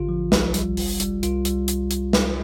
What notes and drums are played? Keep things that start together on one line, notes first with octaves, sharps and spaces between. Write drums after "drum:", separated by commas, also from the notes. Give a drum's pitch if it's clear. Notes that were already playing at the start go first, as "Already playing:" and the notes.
Already playing: A1 D3 F4
F3
C2, drum: snare
G3, drum: hi-hat
G1, drum: open hi-hat
G3, drum: hi-hat
C2 F4, drum: hi-hat
G3, drum: hi-hat
drum: hi-hat
drum: hi-hat
drum: snare